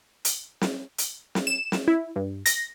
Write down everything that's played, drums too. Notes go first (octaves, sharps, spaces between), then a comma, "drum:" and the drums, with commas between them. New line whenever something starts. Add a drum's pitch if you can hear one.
drum: hi-hat
drum: snare
drum: hi-hat
drum: snare
E7
drum: snare
E4
G2
A#6, drum: hi-hat